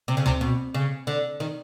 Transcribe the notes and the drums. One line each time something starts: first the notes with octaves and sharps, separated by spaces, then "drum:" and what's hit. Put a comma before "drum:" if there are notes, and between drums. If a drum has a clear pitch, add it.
C3
C#3
C3, drum: tom D2
B2
C#3
D3
D#3